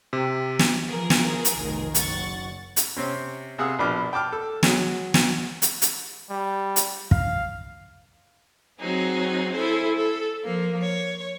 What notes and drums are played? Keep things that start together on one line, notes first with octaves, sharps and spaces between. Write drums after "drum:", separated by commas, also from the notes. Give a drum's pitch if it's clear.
C3
drum: snare
E3 F3 G#4 A#4
drum: snare
drum: hi-hat
F1 B1 D#3
F#1 F#5 C#6 A6, drum: hi-hat
drum: hi-hat
C3 C4 C#4
C3 G#4 F5 F#5 D#6 E6
A#1 B2 D4 D6 F6
G5 A5 D6 F6
A4
F#3 G#3, drum: snare
drum: snare
drum: hi-hat
drum: hi-hat
G3
drum: hi-hat
F5, drum: kick
F#3 C4 D#4 G#4
E4 G#4 A4 C5
A4
F3 A#3
C#5